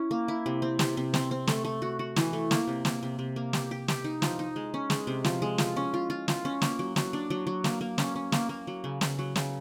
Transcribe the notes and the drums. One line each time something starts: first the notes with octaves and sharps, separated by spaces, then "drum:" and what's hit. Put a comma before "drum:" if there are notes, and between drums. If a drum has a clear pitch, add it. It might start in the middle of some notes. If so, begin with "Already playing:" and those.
Already playing: C#4 E4
A#3
E4
C3
C4
C3, drum: snare
C3
C4, drum: snare
C4
A3, drum: snare
A3
F#4
F#4
E3, drum: snare
A3
A#3, drum: snare
C3
A#3, drum: snare
C3
C3
A#3
G4, drum: snare
G4
G4, drum: snare
D#4
F3, drum: snare
D#4
G#3
C#4
G#3, drum: snare
C3
F3, drum: snare
G#3
F4, drum: snare
C#4
F4
F4
F4, drum: snare
C#4
A#3, drum: snare
F#3
F#3, drum: snare
D4
F#3
F#3
A#3, drum: snare
A#3
C#4, drum: snare
C#4
A#3, drum: snare
A#3
F#3
C#3
C#3, drum: snare
F#3
C#3, drum: snare